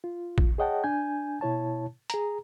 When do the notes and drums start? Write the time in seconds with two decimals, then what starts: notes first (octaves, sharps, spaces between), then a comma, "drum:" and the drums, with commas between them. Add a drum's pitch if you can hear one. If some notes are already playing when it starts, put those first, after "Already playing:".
0.04 F4
0.38 drum: kick A1
0.58 G#4 C#5 D#5 F#5 G5 A5
0.84 D4 G#5 G6
1.41 B2 E4 C#5 A5
2.10 G#4 A#5, drum: hi-hat